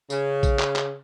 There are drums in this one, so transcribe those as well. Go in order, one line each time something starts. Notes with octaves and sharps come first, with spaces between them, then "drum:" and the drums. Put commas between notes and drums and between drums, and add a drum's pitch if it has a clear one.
C#3, drum: tambourine
drum: kick A#1, tambourine
drum: clap
drum: clap